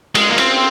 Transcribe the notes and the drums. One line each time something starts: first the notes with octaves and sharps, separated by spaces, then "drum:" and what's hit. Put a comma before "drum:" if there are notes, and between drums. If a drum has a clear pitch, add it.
G#3, drum: cymbal
A#3
C4, drum: cymbal